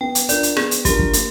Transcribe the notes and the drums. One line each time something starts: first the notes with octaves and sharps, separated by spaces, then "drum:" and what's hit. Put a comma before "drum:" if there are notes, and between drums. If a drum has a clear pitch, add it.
B3 G5
drum: hi-hat
D4 F4 A#4 D5, drum: hi-hat
drum: hi-hat
B3 G#4, drum: rim click
drum: hi-hat
D4 F4 G4 A#4, drum: kick, hi-hat
drum: kick
A#3, drum: hi-hat